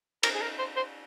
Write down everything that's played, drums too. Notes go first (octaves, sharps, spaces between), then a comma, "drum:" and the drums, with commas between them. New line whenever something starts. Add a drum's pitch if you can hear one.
A#4, drum: cymbal
G#4
A#4
C5
C5